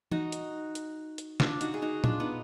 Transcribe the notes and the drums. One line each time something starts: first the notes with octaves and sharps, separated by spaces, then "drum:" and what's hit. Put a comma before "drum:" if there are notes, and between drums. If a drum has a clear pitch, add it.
D#4 F#4, drum: tom E3
drum: hi-hat
drum: hi-hat
drum: hi-hat
D4 F4, drum: snare
D#4 F#4, drum: hi-hat
G#4
D#4 F#4
D4 F4, drum: tom A#2
B3 D#4